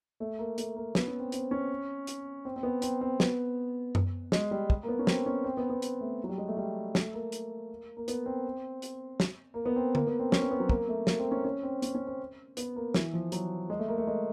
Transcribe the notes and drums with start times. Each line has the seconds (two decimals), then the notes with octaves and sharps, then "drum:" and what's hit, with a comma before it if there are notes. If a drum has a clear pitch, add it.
0.20 A3
0.39 A#3
0.58 A3, drum: hi-hat
0.76 A#3
0.95 B3, drum: snare
1.08 C#4
1.20 C4
1.32 C4, drum: hi-hat
1.51 C#4
2.07 drum: hi-hat
2.45 C4
2.56 C4
2.63 B3
2.82 C4, drum: hi-hat
3.01 C4
3.20 B3, drum: snare
3.95 drum: tom F#2
4.32 G#3, drum: snare
4.51 G3
4.70 drum: kick
4.83 A#3
4.88 B3
4.99 C#4
5.07 C4, drum: snare
5.26 C#4
5.44 C4
5.57 B3
5.70 B3
5.82 drum: hi-hat
6.01 A3
6.24 F#3
6.29 G3
6.38 G#3
6.48 A3
6.57 G3
6.95 A3, drum: snare
7.14 A#3
7.32 drum: hi-hat
7.97 A#3
8.08 B3, drum: hi-hat
8.26 C4
8.82 drum: hi-hat
9.20 drum: snare
9.54 A#3
9.66 B3
9.76 C4
9.95 A#3, drum: tom D3
10.07 B3
10.19 C4
10.32 C#4, drum: snare
10.42 C4
10.51 B3
10.60 F#3
10.69 A#3, drum: kick
10.89 A3
11.07 A#3, drum: snare
11.19 C4
11.32 C#4
11.45 C#4
11.63 C4
11.82 C#4, drum: hi-hat
11.95 C#4
12.07 C4
12.57 B3, drum: hi-hat
12.76 A#3
12.94 E3, drum: snare
13.13 F3
13.32 F#3, drum: hi-hat
13.70 G#3
13.79 A3
13.88 A#3
13.98 A3
14.07 G#3